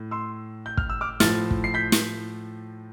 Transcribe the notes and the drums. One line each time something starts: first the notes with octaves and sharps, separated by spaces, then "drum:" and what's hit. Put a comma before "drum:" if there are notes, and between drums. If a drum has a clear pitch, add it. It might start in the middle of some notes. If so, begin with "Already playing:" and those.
Already playing: A2
C6 E6
G6
F6, drum: kick
E6
D6 F6
A2 F3 F6 A6, drum: snare
drum: kick
C7
G6 B6
drum: snare